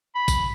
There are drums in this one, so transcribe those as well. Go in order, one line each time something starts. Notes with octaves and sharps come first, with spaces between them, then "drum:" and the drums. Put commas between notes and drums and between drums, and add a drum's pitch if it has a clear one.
B5
drum: kick, tambourine